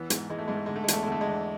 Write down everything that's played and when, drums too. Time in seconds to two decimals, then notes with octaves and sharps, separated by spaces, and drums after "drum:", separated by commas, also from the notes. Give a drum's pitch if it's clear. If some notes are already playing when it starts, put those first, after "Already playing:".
Already playing: E2 E3 B3
0.10 G#2, drum: hi-hat
0.30 E3 G#3
0.39 A3
0.48 G#2 G#3
0.57 A3
0.66 D3 G#3
0.76 A3
0.84 G#3
0.88 E2 A3, drum: hi-hat
1.03 G#3
1.07 D3 A3
1.21 G#3
1.27 E2